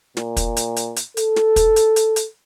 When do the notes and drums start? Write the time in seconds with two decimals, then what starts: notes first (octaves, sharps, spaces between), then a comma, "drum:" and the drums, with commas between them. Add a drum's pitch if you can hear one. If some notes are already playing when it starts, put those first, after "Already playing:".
0.17 A#2, drum: snare
0.37 drum: kick, hi-hat
0.57 drum: hi-hat
0.76 drum: hi-hat
0.96 drum: hi-hat
1.17 A4, drum: hi-hat
1.36 drum: snare
1.56 drum: kick, hi-hat
1.76 drum: hi-hat
1.96 drum: hi-hat
2.16 drum: hi-hat